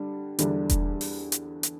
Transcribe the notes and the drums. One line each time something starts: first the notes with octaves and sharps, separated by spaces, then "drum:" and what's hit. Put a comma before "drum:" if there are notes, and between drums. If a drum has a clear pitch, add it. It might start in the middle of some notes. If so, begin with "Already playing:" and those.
Already playing: D3 G3 D4
E2 D3 G3 D4, drum: hi-hat
drum: kick E1, hi-hat
drum: open hi-hat
drum: hi-hat
drum: hi-hat